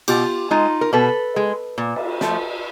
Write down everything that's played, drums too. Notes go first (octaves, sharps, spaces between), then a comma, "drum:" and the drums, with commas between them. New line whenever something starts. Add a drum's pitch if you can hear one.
B2 F4 G4, drum: cymbal
G#3 D#4 F4
A#4
B2 A4 B4
G#3
A#2
drum: cymbal
F3 A3, drum: snare